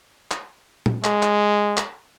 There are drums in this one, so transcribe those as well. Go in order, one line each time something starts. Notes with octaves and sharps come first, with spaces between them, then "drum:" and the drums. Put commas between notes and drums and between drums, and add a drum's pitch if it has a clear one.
drum: clap
drum: tom
G#3, drum: clap
drum: clap
drum: clap